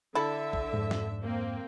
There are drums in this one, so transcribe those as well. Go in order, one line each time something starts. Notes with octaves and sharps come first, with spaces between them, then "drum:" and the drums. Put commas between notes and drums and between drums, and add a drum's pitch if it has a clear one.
D3 E4 A4 E5
drum: kick
F2 G#2
drum: snare
A#3 C4